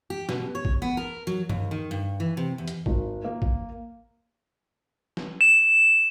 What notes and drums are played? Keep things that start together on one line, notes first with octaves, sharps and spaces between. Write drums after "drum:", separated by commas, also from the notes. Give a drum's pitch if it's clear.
G4
B2, drum: snare
C#5
drum: kick A1
B3
A#4
F#3
D#2, drum: tom G2
D#3
G2
E3
C3
E2
drum: hi-hat
G#1, drum: kick A1
A#3
drum: kick A1
drum: snare
E7